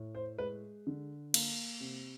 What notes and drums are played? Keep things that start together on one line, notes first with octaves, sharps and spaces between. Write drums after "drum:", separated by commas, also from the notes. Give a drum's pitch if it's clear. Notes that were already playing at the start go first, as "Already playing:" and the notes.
Already playing: A2
C5
G#3 B4
D3
A#3, drum: cymbal
C3